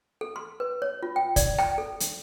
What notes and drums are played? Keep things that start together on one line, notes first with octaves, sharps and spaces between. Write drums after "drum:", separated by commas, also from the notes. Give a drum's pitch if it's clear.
A4
C6
B4
C#5
F4
G5
D5, drum: kick, hi-hat
G5, drum: rim click
A4
drum: hi-hat